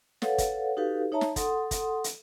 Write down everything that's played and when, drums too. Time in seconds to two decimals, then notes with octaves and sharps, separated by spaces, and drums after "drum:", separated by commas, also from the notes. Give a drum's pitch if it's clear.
0.22 A4 B4 C#5 F5 F#5, drum: snare
0.38 drum: kick, hi-hat
0.77 D#4 F#4 G4 A4 B4 F5
1.12 D#4 C#5 E5 A5 A#5
1.21 drum: snare
1.36 A4 F#5 C6 D#6, drum: kick, hi-hat
1.71 drum: kick, hi-hat
2.04 drum: hi-hat